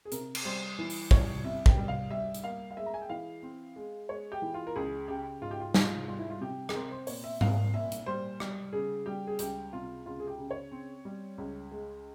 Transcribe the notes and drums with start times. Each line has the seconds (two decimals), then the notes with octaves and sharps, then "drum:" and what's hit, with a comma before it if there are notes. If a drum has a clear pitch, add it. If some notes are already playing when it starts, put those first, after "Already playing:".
0.05 G#4
0.12 C3 A#4, drum: hi-hat
0.35 drum: cymbal
0.45 G3 C5
0.79 E3
0.90 drum: open hi-hat
1.11 G3 C#5, drum: kick
1.45 C3 E5
1.66 G5, drum: kick
1.77 G3
1.88 F5
2.11 G3 E5
2.35 drum: hi-hat
2.44 A#3 F5
2.71 F5
2.77 G#3 E5
2.86 A#5
2.94 G#5
3.02 G5
3.10 E3 F5
3.43 C4
3.76 G#3
4.09 G#3 C#5
4.32 G4
4.42 E3
4.54 F4
4.67 A#4
4.76 C#2 G#4
5.08 C#3 G4
5.41 G#2 F4
5.51 G4
5.60 F4
5.74 G#2 F4, drum: snare
6.08 G3 F4
6.19 E4
6.30 F4
6.41 C3 G4
6.69 G#4, drum: rim click
6.74 C4 A#4
6.91 C5
7.07 A#2 C#5, drum: open hi-hat
7.24 E5
7.41 C2 F5, drum: tom G#2
7.74 A#2 E5
7.92 drum: hi-hat
8.06 G3 C5
8.40 G3, drum: rim click
8.73 C#3 G#4
9.06 G3 G4
9.27 G#4
9.39 C#2 G4, drum: hi-hat
9.73 C3 F4
10.06 C#2 F4
10.20 G#4
10.27 G4
10.38 C#3
10.51 C#5
10.72 C4
11.05 G3
11.38 C#2
11.71 G#3